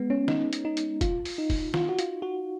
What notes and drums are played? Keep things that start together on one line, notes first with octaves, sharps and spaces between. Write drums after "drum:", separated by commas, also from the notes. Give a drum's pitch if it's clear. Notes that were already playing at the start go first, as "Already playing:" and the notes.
Already playing: G#3 B3
C#4
D#4, drum: snare
drum: hi-hat
D#4
drum: hi-hat
F4, drum: kick, hi-hat
drum: open hi-hat
D#4
drum: kick, open hi-hat
F4, drum: snare
F#4
F4, drum: hi-hat
F#4